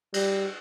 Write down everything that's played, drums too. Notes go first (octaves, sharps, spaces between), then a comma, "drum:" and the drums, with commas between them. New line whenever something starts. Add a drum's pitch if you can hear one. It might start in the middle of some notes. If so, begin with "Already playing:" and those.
G3, drum: cymbal